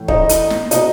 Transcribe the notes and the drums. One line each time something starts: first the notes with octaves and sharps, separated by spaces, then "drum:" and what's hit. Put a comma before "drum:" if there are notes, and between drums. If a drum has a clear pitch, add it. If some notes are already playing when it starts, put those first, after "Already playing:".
Already playing: A2 E3
D#4, drum: kick
drum: hi-hat
drum: snare
B2 D#4, drum: hi-hat